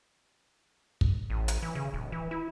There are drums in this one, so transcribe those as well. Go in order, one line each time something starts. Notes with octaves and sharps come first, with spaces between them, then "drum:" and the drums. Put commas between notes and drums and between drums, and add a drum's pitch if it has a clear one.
drum: kick
A1
drum: hi-hat
E3
C#3
D1
E3
E4